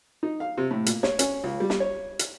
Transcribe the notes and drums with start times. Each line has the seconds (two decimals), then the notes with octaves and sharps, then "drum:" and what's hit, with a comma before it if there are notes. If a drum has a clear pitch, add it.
0.23 D#4
0.40 F5
0.57 C3
0.71 A2
0.86 A#2, drum: hi-hat
1.03 C#5, drum: snare
1.19 C#4, drum: hi-hat
1.44 C#2
1.60 G3
1.70 drum: snare
1.80 C#5
2.19 drum: hi-hat